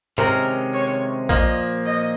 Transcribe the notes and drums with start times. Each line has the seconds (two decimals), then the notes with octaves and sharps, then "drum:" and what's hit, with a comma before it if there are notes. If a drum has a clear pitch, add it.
0.18 C3 D#3 G#3 C#4 A#4, drum: tom G#2
0.74 C#5
1.29 A#2 F3 A#3 D#5, drum: kick
1.86 D#5